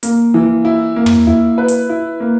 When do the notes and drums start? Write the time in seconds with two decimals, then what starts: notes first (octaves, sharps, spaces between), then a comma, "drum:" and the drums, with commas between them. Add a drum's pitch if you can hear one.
0.03 A#3, drum: hi-hat
0.34 E3
0.65 E4
0.96 A#3
1.06 drum: tom
1.27 E4
1.58 B4
1.68 drum: hi-hat
1.89 E4
2.20 A#3